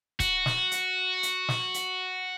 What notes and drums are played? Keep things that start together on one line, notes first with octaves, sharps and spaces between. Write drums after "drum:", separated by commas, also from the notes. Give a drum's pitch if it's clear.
F#4, drum: kick, hi-hat
drum: snare
drum: hi-hat
drum: hi-hat
drum: snare
drum: hi-hat